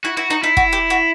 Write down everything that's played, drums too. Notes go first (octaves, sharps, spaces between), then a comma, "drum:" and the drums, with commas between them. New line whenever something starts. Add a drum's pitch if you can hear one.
E4 F#4
E4 F#4
D#4 F#4
D#4 E4
F#4, drum: kick
G4
F#4